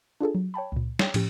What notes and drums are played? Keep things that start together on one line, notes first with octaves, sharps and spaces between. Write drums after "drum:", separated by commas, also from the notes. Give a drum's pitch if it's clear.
D4 F4 G#4 A4
F#3
C#5 G5 A5 B5
C#2 A#2
C#5 G5, drum: snare
A2 F3 C#4 G4, drum: cymbal